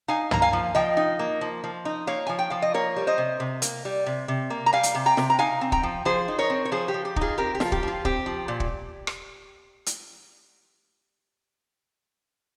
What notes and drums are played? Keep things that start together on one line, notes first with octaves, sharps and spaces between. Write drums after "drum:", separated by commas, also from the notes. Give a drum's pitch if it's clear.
D#4 F5 G#5
A#3 A#5, drum: tom
F5 G#5
F3
F3 D#5 G5
D#4
A#3
F3
F3
D#4
A#3 C#5 F5
F3 G#5
G5
F3 F5
D#5
A#3 A#4 C#5
G3
C5 D#5
C3
C3
A#3, drum: hi-hat
G3
C3
C3
A#3
A#5
G3 F5 G#5
drum: hi-hat
C3
G5 A#5
C3, drum: snare
A#5
D#4 F5 G#5
C4
G5 A#5, drum: kick
F3
F3 G#4 C5
D#4
A#4 C#5
C4
C#5
F3 G#4 C5
G4
F3
G4
D#4, drum: kick
F4 G#4
C4 G4 A#4
G4
F3, drum: snare
F4
G4, drum: kick
F3 F4
C4 G4, drum: kick
F3
A#2
drum: kick
drum: rim click
drum: hi-hat